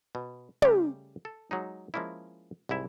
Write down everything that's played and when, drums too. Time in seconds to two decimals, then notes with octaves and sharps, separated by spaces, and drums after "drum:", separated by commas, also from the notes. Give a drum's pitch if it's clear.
0.15 B2
0.62 C#3 G3 A3 G4, drum: tom
1.25 A4
1.51 F#3 G#3 D#4
1.94 F3 G#3 A#3 C#4 E4
2.69 C2 G#2 E4 E5